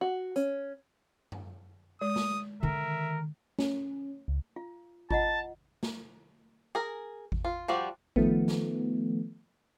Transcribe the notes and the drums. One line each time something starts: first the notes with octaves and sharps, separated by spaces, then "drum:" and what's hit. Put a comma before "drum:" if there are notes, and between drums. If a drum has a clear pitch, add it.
F#4
C#4, drum: hi-hat
drum: tom F#2
G#3 D#6
drum: snare
D3 D#3 A#4 E5
C#4, drum: snare
C#2
F4 F5
F4 D#5 F#5 A5, drum: kick G#1
drum: snare
G#4 A#4
drum: kick G#1
F4
F3 G3 F#4 D5
D#3 F3 A3 B3, drum: kick G#1
drum: snare